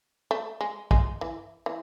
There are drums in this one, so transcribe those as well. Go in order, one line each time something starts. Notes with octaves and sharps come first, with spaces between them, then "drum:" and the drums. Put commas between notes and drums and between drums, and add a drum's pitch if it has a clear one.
A3
G#3
G#3, drum: kick
E3
E3